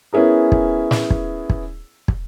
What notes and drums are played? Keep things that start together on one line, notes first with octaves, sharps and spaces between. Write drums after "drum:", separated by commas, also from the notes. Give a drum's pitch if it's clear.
B3 C#4 E4 G#4 A#4
drum: kick
drum: snare
drum: kick
drum: kick
drum: kick